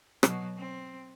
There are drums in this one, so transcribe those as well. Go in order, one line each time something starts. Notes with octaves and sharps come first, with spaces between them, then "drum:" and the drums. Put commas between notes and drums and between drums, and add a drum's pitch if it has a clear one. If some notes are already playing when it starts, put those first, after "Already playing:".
B2 F#3, drum: rim click
C4